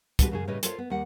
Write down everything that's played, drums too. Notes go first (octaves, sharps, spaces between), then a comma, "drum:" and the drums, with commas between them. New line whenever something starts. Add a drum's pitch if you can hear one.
B2 G3 G#3 F#4 A#4 B4, drum: kick, hi-hat
F#2 C#3 G#4
A2 C#3 G3 B4 C#5 D#5
F4 A4 A#4 C5 C#5, drum: hi-hat
B3
D#2 G3 F#5